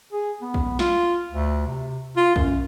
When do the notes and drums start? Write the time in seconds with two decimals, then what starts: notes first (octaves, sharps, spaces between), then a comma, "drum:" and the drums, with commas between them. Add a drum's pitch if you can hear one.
0.13 G#4
0.42 B3
0.54 drum: kick A#1
0.79 F4, drum: snare
1.31 D2
1.67 C3
2.17 F4
2.36 F#2, drum: kick A#1